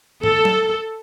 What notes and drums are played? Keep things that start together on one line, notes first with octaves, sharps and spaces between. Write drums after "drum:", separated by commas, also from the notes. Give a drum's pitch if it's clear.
A4, drum: tom
drum: tom F#3